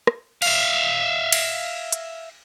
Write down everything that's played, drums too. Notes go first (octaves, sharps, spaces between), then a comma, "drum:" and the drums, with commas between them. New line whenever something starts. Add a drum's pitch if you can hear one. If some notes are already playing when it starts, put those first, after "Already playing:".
drum: rim click
E5 F5, drum: cymbal
drum: cymbal
drum: hi-hat